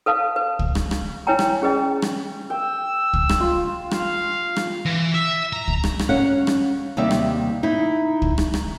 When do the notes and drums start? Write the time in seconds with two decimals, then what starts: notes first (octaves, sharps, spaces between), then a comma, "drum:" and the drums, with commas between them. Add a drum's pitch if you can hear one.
0.06 A4 B4 F5 A5
0.36 B4
0.59 drum: kick
0.75 drum: rim click
0.91 drum: rim click
1.27 E4 B4 C#5 G5 G#5 A#5
1.39 drum: rim click
1.62 C#4 G#4 B4 D#5 G5
2.02 drum: rim click
2.50 G5 E6
3.13 drum: kick
3.29 drum: rim click
3.40 F4
3.91 F5, drum: rim click
4.56 drum: rim click
4.85 E3
5.14 E5
5.53 A#5
5.68 drum: kick
5.84 drum: rim click
5.99 drum: rim click
6.09 C#4 F5 F#5
6.47 drum: rim click
6.97 D#2 C3 G3 E5
7.11 drum: rim click
7.63 D#4 E4
8.22 drum: kick
8.38 drum: rim click
8.54 drum: rim click